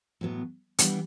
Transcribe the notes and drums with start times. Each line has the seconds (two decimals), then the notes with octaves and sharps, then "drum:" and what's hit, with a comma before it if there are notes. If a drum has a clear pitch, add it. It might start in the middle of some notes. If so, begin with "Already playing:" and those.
0.21 A2 F#3 B3
0.79 E3 G3 B3 D4, drum: hi-hat